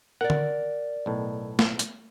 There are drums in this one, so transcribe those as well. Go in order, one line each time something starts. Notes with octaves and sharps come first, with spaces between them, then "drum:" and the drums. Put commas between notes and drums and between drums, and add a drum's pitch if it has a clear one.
A#4 D5 F#5
drum: tom D3
B1 A2
drum: snare
drum: hi-hat